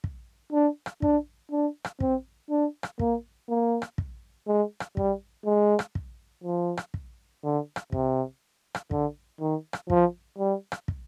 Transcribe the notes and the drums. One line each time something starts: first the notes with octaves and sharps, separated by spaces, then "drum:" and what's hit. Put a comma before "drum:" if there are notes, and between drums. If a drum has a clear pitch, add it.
drum: kick
D4
drum: rim click
D4, drum: kick
D4
drum: rim click
C4, drum: kick
D4
drum: rim click
A#3, drum: kick
A#3
drum: rim click
drum: kick
G#3
drum: rim click
G3, drum: kick
G#3
drum: rim click
drum: kick
F3
drum: rim click
drum: kick
D3
drum: rim click
C3, drum: kick
drum: rim click
D3, drum: kick
D#3
drum: rim click
F3, drum: kick
G3
drum: rim click
drum: kick